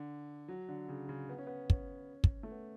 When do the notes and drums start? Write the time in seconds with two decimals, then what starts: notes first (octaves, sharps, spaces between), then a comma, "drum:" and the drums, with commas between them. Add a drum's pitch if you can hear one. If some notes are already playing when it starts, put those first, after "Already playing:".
Already playing: D3
0.48 F#3
0.69 D3
0.89 C#3
1.09 C#3
1.29 B3
1.38 C#4
1.47 B3
1.70 C#4, drum: kick
2.24 drum: kick
2.43 A3
2.51 B3